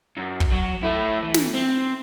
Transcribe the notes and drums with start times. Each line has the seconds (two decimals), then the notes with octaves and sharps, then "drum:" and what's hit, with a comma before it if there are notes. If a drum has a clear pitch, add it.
0.17 F#2
0.40 drum: kick
0.52 F#3
0.83 A3 E4
1.23 E3
1.34 drum: snare
1.54 C4